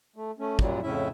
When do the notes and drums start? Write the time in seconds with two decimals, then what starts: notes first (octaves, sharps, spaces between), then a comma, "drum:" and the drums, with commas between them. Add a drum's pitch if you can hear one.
0.16 A3
0.39 A3 C#4
0.59 F#2 A#2 F#3 G3, drum: kick
0.83 F2 A2 C#3 C#4 E4 E5